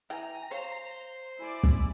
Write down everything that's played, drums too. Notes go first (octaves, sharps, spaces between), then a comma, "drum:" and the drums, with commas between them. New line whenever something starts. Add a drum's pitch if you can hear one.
E3 G5 G#5 A#5
C5 C#5 F5
C6
E4 D5 G#5
drum: kick